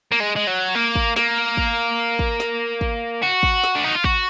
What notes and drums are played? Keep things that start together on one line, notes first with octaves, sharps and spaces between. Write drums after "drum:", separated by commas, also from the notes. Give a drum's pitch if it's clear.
A#3
G#3
G#3
F#3
A#3
drum: kick
A#3, drum: snare
drum: kick
drum: kick
drum: snare
drum: kick
F#4
drum: kick
drum: snare
D4
D#4
F4
F#4, drum: kick